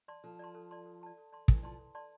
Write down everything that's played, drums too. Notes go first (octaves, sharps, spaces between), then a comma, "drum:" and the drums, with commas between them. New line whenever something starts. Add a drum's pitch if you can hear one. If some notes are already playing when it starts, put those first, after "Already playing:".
D5 A5 C6
F3 A4
D5 A5 C6
A4
D5 A5 C6
A4
D5 A5 C6
A4
D5 A5 C6
E3 A4, drum: kick
F3 D5 A5 C6
A4
D5 A5 C6